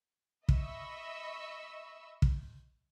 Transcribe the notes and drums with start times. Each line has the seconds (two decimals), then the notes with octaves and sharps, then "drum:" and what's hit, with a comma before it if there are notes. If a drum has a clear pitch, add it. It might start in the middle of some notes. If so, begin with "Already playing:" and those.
0.49 D#5 E5 B5 C#6 E6, drum: kick
2.22 drum: kick